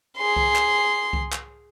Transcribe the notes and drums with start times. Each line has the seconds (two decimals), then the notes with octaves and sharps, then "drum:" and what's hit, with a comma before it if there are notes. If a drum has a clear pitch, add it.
0.17 G#4 C6
0.36 drum: kick C2
0.56 drum: clap
1.13 drum: kick C2
1.32 drum: clap